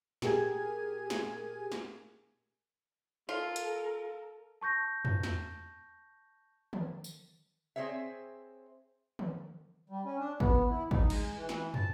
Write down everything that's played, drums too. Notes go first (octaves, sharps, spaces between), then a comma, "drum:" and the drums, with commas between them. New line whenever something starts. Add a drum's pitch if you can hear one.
A#2 G4 G#4 A#4 G#5 G#6, drum: snare
drum: snare
drum: snare
F4 A4 A#4
drum: hi-hat
A5 C#6 G6 A#6
drum: tom
drum: snare
drum: tom
drum: tambourine
C4 G#4 C5 C#5 E5
drum: tom
G3
C#4
D4
B3, drum: kick
E4
D#4, drum: kick
G#3, drum: cymbal
E3
E3, drum: snare
A5, drum: tom